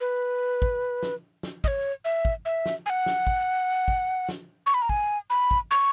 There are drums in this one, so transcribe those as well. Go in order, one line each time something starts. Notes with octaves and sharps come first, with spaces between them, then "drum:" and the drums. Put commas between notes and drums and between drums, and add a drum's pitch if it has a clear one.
B4
drum: kick
drum: snare
drum: snare
D#5, drum: kick
C#5
E5
drum: kick
E5
drum: snare
G#5
F#5
drum: snare
drum: kick
drum: kick
drum: snare
C#6
B5
A#5
G#5, drum: kick
B5
drum: kick
C#6